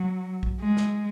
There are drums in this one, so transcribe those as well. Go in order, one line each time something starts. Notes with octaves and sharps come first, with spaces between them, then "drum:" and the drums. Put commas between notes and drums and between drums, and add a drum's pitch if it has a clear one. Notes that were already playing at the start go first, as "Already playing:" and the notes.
Already playing: F#3
drum: kick
G#3
drum: snare